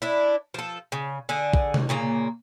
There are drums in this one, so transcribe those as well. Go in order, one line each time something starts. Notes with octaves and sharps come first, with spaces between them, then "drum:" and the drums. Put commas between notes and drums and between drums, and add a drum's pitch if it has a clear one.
D4 E4
F3 A4
C#3
D3 G#4
drum: kick
drum: tom C3
A#2 C#3 A#3